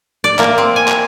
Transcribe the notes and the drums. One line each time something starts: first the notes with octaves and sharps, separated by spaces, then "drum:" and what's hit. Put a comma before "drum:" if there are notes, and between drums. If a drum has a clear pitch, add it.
D5
A#3, drum: clap
C4
G#5
drum: clap